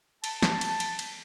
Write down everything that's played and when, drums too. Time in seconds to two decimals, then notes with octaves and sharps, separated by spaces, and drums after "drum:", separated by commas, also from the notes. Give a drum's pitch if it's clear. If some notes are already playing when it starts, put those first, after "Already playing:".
0.24 A5, drum: cymbal
0.42 drum: snare
0.61 drum: cymbal
0.80 drum: cymbal
0.99 drum: cymbal